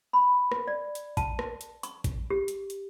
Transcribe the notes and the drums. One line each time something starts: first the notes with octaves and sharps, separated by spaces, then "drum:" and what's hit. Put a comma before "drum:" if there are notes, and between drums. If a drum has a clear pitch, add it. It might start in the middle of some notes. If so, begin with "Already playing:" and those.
B5
drum: rim click
D5
drum: hi-hat
A5, drum: kick A1, hi-hat
drum: rim click
drum: hi-hat
C#6, drum: hi-hat
drum: kick A1, hi-hat
G4
drum: hi-hat
drum: hi-hat